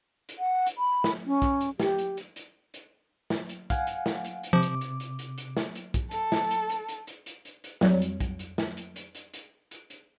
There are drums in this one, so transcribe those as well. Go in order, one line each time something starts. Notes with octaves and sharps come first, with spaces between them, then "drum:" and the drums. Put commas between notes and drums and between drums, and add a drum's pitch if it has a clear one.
drum: hi-hat
F#5
drum: hi-hat
B5
drum: snare
C#4
drum: kick, hi-hat
drum: hi-hat
G4, drum: snare
drum: hi-hat
drum: hi-hat
drum: hi-hat
drum: hi-hat
drum: snare
drum: hi-hat
F5 F#5 G#5, drum: kick, hi-hat
drum: hi-hat
drum: snare
drum: hi-hat
drum: hi-hat
C3 F3 D6
drum: hi-hat
drum: hi-hat
drum: hi-hat
drum: hi-hat
drum: hi-hat
drum: snare
drum: hi-hat
drum: kick, hi-hat
A4, drum: hi-hat
drum: snare
drum: hi-hat
drum: hi-hat
drum: hi-hat
drum: hi-hat
drum: hi-hat
drum: hi-hat
drum: hi-hat
F2 F#3 G3, drum: snare
drum: hi-hat
drum: kick, hi-hat
drum: hi-hat
drum: snare
drum: hi-hat
drum: hi-hat
drum: hi-hat
drum: hi-hat
drum: hi-hat
drum: hi-hat